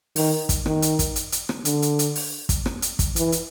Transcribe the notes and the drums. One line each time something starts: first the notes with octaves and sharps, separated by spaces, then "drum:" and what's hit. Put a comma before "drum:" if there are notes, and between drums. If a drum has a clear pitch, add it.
D#3, drum: open hi-hat
drum: kick, hi-hat
D#3, drum: rim click
drum: hi-hat
drum: kick, hi-hat
drum: hi-hat
drum: hi-hat
drum: rim click
D3, drum: hi-hat
drum: hi-hat
drum: hi-hat
drum: open hi-hat
drum: kick, hi-hat
drum: rim click
drum: hi-hat
drum: kick, hi-hat
E3, drum: hi-hat
drum: hi-hat